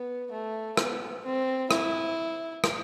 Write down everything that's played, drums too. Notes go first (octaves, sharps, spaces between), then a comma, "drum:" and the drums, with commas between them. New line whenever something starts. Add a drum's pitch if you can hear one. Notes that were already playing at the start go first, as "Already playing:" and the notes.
Already playing: B3
A3
B3, drum: rim click
C4
E4, drum: rim click
drum: rim click